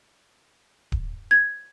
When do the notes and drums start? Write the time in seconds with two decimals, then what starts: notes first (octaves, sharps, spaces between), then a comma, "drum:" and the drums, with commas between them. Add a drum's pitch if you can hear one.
0.92 drum: kick D1
1.31 G#6